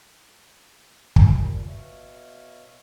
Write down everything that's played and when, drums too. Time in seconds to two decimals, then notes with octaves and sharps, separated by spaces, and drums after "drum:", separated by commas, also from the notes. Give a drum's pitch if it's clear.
1.16 drum: kick
1.33 A#2 F3 G3
1.68 B2 C#5 E5 F5